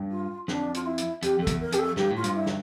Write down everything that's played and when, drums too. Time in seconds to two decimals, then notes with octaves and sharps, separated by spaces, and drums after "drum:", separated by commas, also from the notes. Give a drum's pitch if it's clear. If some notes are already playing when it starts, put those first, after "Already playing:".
Already playing: G2
0.11 F4
0.48 F2 D4, drum: snare
0.74 F4, drum: hi-hat
0.86 E4
0.98 drum: hi-hat
1.22 F2 G4, drum: hi-hat
1.39 F2 A4
1.47 E2, drum: kick, hi-hat
1.60 A#4
1.72 F2 G4, drum: hi-hat
1.78 A4
1.97 G2 G4, drum: snare
2.11 A2 F4
2.24 G2, drum: hi-hat
2.35 E4
2.46 drum: snare